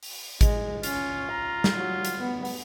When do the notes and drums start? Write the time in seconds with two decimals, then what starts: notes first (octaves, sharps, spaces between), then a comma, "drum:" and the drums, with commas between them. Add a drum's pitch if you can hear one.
0.03 drum: open hi-hat
0.41 G#3, drum: kick G#1, hi-hat
0.83 C#4 F4, drum: hi-hat
1.31 A#5
1.64 drum: snare
1.78 F#3
2.05 drum: hi-hat
2.18 B3
2.45 drum: open hi-hat